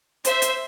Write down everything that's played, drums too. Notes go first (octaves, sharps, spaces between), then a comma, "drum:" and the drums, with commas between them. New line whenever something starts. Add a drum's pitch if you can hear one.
C5 E5, drum: hi-hat
drum: hi-hat